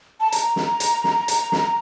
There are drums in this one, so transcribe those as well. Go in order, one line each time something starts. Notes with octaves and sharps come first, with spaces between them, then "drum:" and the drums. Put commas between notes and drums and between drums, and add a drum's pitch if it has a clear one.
A5
A#5, drum: hi-hat
drum: snare
drum: hi-hat
drum: snare
drum: hi-hat
drum: snare